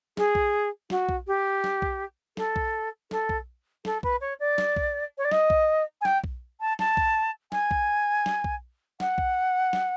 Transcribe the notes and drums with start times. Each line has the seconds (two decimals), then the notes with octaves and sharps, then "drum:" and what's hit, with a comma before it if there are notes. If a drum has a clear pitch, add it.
0.17 G#4, drum: snare
0.35 drum: kick B1
0.90 F#4, drum: snare
1.09 drum: kick B1
1.27 G4
1.64 drum: snare
1.82 drum: kick B1
2.37 A4, drum: snare
2.56 drum: kick B1
3.11 A4, drum: snare
3.29 drum: kick B1
3.85 A4, drum: snare
4.03 B4, drum: kick B1
4.21 C#5
4.40 D5
4.58 drum: snare
4.76 drum: kick B1
5.18 C#5
5.24 D5
5.32 D#5, drum: snare
5.50 drum: kick B1
6.01 G#5
6.05 G5, drum: snare
6.24 drum: kick B1
6.61 A5
6.79 A5, drum: snare
6.97 drum: kick B1
7.52 G#5, drum: snare
7.71 drum: kick B1
8.26 drum: snare
8.44 drum: kick B1
9.00 F#5, drum: snare
9.18 drum: kick B1
9.73 drum: snare